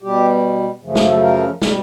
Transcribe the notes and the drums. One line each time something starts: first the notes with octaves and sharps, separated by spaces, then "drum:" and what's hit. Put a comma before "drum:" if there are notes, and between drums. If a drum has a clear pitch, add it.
B2 G3 G4
F#2 C#3 F3 A3
G#4, drum: snare
A4
A#4
B2 G3, drum: snare